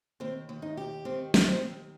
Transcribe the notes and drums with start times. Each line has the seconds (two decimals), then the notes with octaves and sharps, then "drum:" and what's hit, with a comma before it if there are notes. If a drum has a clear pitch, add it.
0.20 D#2 C4
0.49 D#2
0.62 D#4
0.77 G4
1.05 D#3 C4
1.34 D#2, drum: snare
1.48 C4
1.62 D#2